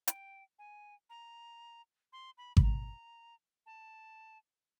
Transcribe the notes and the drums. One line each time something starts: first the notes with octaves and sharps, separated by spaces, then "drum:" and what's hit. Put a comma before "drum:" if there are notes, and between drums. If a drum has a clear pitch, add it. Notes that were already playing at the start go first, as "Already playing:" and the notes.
G5, drum: hi-hat
G#5
A#5
C6
B5
B5, drum: kick G#1
A#5
A5